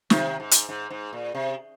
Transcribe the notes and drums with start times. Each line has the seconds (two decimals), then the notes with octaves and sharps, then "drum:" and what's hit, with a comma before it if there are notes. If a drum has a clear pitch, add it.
0.10 C3 D#3, drum: snare
0.40 G#2
0.51 drum: hi-hat
0.69 G#2
0.90 G#2
1.13 A#2
1.35 C3